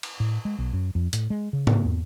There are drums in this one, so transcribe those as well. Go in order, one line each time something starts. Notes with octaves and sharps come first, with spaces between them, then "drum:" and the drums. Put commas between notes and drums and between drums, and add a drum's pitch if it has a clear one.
drum: cymbal
A2
G#3
B1
F#2
F2
A2, drum: hi-hat
G#3
C#3
drum: tom G#2
E2